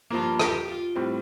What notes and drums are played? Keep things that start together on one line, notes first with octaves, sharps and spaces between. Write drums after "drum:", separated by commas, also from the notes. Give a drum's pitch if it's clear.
G2 F3 A#3 F4
G4, drum: rim click
F4
A2 G3 C4